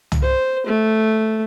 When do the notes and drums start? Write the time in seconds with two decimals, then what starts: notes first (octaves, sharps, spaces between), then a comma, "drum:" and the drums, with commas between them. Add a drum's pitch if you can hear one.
0.12 drum: tom
0.22 C5
0.66 A3